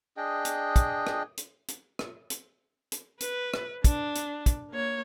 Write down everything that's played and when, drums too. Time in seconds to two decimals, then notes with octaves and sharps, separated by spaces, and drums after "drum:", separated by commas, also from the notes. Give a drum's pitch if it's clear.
0.17 D4 G#4 D#5 G5
0.45 drum: hi-hat
0.76 drum: kick, hi-hat
1.07 drum: rim click
1.37 drum: hi-hat
1.68 drum: hi-hat
1.99 drum: rim click
2.30 drum: hi-hat
2.92 drum: hi-hat
3.20 B4, drum: hi-hat
3.54 drum: rim click
3.84 D4, drum: kick, hi-hat
4.15 drum: hi-hat
4.46 drum: kick, hi-hat
4.70 A#3 C#5